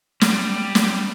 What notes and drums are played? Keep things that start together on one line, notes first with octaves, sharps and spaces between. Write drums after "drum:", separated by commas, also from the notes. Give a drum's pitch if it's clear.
G3, drum: snare
drum: snare